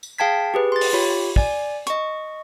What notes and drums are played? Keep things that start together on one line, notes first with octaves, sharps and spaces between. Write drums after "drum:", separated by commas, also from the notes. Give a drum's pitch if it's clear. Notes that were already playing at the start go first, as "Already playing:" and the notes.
drum: tambourine
G#4 F5 G5 A5 G#6 B6
G4 G#4 B4
C6 A6
drum: open hi-hat
F4 G4 C#5 B5
D5 G#5, drum: kick
D#5 C#6, drum: hi-hat